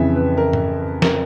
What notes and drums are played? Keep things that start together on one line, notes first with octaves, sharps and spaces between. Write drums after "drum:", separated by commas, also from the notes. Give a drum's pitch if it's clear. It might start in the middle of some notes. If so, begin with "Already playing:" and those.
Already playing: F2 C#3 E3 E5
B4
A#4
drum: tom G#2
A#4, drum: snare